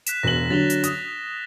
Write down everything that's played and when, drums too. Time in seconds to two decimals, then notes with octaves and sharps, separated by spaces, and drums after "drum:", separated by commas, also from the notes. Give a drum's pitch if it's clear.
0.06 F#6 B6 E7, drum: hi-hat
0.23 E1 A#6 F#7
0.50 D3 F#3 A6 F7 G7
0.70 drum: hi-hat
0.83 D#6, drum: hi-hat